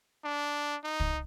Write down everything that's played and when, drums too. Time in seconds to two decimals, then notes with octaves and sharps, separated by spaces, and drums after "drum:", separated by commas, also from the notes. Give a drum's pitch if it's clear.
0.24 D4
0.84 D#4
1.00 drum: kick